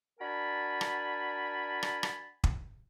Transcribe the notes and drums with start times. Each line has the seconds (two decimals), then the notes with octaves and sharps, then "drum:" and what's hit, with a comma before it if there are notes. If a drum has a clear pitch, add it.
0.20 D4 F#4 A#4 G#5 A5 B5
0.81 drum: rim click
1.83 drum: rim click
2.03 drum: rim click
2.44 drum: kick